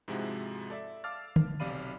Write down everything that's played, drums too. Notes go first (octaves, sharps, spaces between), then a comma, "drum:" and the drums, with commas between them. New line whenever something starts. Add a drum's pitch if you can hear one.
G#2 C3 F3 G#3 E4 F#4
A4 D5 E5
F5 A5 D6 E6 F6 A6
drum: tom D3
B1 C3 D5 F5 B5 D#7